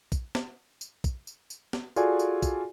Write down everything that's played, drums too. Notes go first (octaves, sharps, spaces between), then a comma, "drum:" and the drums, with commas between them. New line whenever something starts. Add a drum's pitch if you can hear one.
drum: kick, tambourine
drum: snare
drum: tambourine
drum: kick, tambourine
drum: tambourine
drum: tambourine
drum: snare
F4 F#4 G#4 A4 D5 G#5, drum: tambourine
drum: tambourine
drum: kick, tambourine